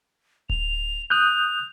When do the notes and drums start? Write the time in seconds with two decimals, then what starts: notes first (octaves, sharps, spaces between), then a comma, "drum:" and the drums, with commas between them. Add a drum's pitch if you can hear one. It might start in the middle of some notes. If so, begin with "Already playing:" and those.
0.49 F7, drum: kick D1
1.10 D#6 F#6 G6 F7